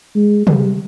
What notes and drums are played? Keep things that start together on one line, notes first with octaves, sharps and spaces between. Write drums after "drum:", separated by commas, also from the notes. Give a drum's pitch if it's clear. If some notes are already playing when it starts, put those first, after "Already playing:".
G#3
G3, drum: tom C3